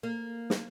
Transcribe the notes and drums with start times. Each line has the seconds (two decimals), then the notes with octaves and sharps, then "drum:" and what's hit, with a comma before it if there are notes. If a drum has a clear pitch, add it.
0.03 A#3
0.50 drum: snare